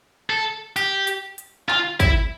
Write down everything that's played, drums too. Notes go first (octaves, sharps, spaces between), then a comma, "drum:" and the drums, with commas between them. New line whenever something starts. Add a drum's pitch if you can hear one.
A4
G4, drum: hi-hat
drum: hi-hat
drum: hi-hat
F4, drum: clap
E4, drum: kick, hi-hat